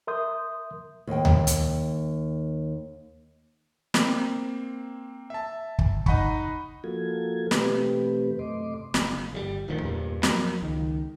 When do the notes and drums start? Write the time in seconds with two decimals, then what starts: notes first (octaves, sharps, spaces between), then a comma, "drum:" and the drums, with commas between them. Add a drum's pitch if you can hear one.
0.07 A#4 E5 C6 D#6 G6
1.07 D#2 G5
1.25 drum: tom D2
1.47 drum: hi-hat
3.94 A#3 C4, drum: snare
5.30 E5 A5
5.79 drum: kick
6.06 D#4 D#5 F#5 B5 C#6, drum: kick
6.84 F3 A#3 F4 F#4 A4 G#6
7.51 B2 E3 A3 C4 G4 B4, drum: snare
8.39 F#2 C3 A3 D#5 C6 D6
8.94 F#1, drum: snare
9.33 G1 C3 G3
9.68 D#1 D2 D#3 F3
9.82 E2 G2 A#2
10.23 F3 F#3 A3 A#3, drum: snare
10.62 C#2 D#3